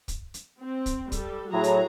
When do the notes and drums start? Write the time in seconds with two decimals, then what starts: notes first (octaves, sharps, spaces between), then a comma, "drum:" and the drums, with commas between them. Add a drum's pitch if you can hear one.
0.08 drum: kick, hi-hat
0.34 drum: hi-hat
0.63 C4
0.86 drum: kick, hi-hat
1.12 G3 A4, drum: kick, hi-hat
1.53 A2 F#3 F#4 G#4 A#5
1.64 drum: hi-hat